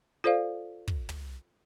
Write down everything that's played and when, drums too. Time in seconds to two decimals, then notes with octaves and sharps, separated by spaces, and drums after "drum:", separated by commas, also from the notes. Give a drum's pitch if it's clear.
0.24 F4 A4 C5 D5 F5
0.88 drum: kick
1.09 drum: tom